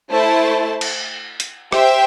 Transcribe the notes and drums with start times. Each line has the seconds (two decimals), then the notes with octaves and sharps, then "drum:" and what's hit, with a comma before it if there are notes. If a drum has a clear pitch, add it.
0.11 A3 E4 C5 A5
0.81 drum: cymbal
1.40 drum: hi-hat
1.72 G4 C5 E5 G5, drum: rim click